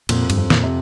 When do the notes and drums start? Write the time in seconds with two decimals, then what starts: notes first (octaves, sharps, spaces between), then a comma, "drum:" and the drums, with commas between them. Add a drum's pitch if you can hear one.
0.09 F2 A#2, drum: cymbal
0.30 G2, drum: cymbal
0.37 F2
0.50 A#2, drum: snare
0.63 C3